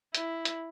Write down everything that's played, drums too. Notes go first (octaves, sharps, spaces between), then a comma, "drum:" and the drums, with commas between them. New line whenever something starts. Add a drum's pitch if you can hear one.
E4, drum: hi-hat
drum: hi-hat